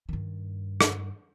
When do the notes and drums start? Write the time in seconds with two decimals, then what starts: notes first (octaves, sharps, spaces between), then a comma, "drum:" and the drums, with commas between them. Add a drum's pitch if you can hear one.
0.09 G2 D#3
0.81 drum: rim click